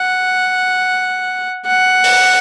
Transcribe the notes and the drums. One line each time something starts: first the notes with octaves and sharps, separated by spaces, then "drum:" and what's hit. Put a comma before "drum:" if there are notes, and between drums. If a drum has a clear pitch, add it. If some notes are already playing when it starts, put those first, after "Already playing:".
Already playing: F#5
F#5
drum: open hi-hat